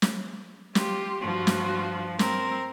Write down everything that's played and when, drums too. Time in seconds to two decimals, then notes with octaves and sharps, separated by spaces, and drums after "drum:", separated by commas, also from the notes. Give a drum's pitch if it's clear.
0.02 drum: snare
0.75 F4 G4, drum: snare
1.21 G2 F3 F4 F#4
1.47 drum: snare
2.19 C4 A#4, drum: snare